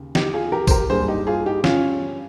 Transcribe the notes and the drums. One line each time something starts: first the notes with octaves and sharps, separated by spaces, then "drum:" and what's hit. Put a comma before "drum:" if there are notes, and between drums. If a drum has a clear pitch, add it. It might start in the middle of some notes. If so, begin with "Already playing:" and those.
Already playing: D#2 C#3
D#4 G4, drum: snare
F4 G#4
G4 A#4
C5, drum: kick A1, tambourine
G4 A#4
G2 G3 A#3 G#4 C5
D#4 G4
F4 G#4
D#4 G4
C#4 F4, drum: snare